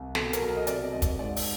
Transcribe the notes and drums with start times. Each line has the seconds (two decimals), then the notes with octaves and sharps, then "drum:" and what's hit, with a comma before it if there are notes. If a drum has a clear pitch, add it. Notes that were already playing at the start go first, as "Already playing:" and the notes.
Already playing: C2
0.15 B2 A4, drum: snare
0.33 A#4, drum: hi-hat
0.41 B1
0.57 D#5
0.67 C3 D5, drum: hi-hat
0.93 C2 D#5
1.02 drum: kick, hi-hat
1.19 G#2 D5
1.37 drum: open hi-hat